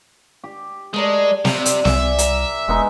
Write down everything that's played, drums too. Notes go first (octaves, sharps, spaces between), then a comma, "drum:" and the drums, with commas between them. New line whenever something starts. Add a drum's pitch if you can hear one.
G4
G#3 A3 A#4 D5
C3 G3 D4 F4, drum: snare
drum: hi-hat
C2 D5 E5 G#5, drum: snare
A#4, drum: hi-hat
E1 G#3 B3 D#4